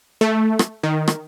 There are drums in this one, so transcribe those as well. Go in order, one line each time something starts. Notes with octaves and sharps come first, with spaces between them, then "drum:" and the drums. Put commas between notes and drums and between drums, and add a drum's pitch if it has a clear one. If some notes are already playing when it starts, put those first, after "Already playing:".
A3
drum: rim click
D#3
drum: rim click